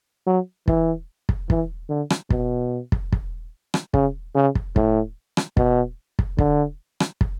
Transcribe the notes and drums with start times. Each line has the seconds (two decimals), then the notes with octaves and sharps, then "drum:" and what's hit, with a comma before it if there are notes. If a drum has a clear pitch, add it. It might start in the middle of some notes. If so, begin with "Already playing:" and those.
0.27 F#3
0.68 E3, drum: kick
1.29 drum: kick
1.50 E3, drum: kick
1.89 D3
2.10 drum: rim click
2.30 B2, drum: kick
2.92 drum: kick
3.12 drum: kick
3.74 drum: rim click
3.94 C#3, drum: kick
4.35 C#3
4.55 drum: kick
4.76 A2, drum: kick
5.37 drum: rim click
5.57 B2, drum: kick
6.19 drum: kick
6.38 D3, drum: kick
7.00 drum: rim click
7.21 drum: kick